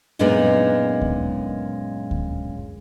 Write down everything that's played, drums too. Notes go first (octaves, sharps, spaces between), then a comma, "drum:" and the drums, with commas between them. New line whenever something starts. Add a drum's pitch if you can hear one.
F#2 A#2 G#3 B3 D4 D#4
drum: kick D2
drum: kick D2